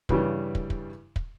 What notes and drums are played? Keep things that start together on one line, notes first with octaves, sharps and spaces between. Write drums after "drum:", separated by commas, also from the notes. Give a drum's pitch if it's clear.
G2 C#3 E3 G3, drum: kick
drum: kick
drum: kick
drum: kick